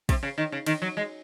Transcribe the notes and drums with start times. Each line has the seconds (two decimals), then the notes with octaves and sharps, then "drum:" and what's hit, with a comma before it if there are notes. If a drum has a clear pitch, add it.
0.09 C3, drum: kick, cymbal
0.23 C#3
0.38 D#3
0.52 C#3
0.66 D#3, drum: cymbal
0.82 F#3
0.97 G#3